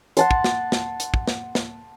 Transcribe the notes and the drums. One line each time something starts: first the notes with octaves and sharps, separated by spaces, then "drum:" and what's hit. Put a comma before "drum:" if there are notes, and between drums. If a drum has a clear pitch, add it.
F#5 A5 C6, drum: hi-hat
drum: kick
drum: snare
drum: snare
drum: hi-hat
drum: kick
drum: snare
drum: snare